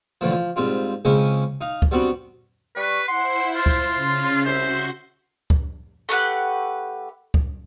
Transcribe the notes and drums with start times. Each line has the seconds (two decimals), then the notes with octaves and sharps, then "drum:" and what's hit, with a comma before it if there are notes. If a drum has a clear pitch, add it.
0.21 A2 D3 E3 F3
0.32 F3
0.56 G#2 G3 C4 F4
1.05 C#2 C#3 G#3 C4 C#4 G#5
1.61 D#4 F5
1.82 drum: kick C#2
1.91 G3 B3 C4 D4 F#4
2.76 G3 B4 C#6
3.08 E4 C5 F#5 C6
3.55 F4 C6
3.66 drum: kick C#2
3.95 C#3 C#4
4.45 C2 F#4 C5 E5 C6
5.50 drum: kick C#2
6.09 A3 G4 B4 F#5
7.34 drum: kick C#2